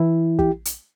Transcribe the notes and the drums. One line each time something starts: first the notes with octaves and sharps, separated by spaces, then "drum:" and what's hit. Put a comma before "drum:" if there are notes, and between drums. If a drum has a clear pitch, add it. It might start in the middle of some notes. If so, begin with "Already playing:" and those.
Already playing: E3 E4
G4, drum: kick
drum: hi-hat